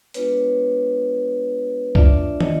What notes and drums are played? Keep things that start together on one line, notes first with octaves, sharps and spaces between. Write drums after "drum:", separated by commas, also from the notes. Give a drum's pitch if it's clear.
G#3 B3 D4 F4 B4 C#5, drum: hi-hat
A3 D4 F4 D5 E5, drum: kick C2
C#5 D#5, drum: tom